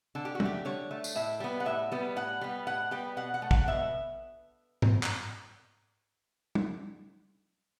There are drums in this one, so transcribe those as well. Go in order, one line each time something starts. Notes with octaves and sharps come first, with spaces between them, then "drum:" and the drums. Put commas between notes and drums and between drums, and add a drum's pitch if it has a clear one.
D3 A4
G4
F#4
A3, drum: tom
G4
D3 C#5
A3
drum: tambourine
A2 E5
G3 B3
F#5
A2 E5
G3 B3
A2 F#5
G3 B3
A2 F#5
G3 B3 G5
B2 F#5
F#5
A3
F#5, drum: kick
B2 E5
drum: tom G#2
drum: clap
drum: tom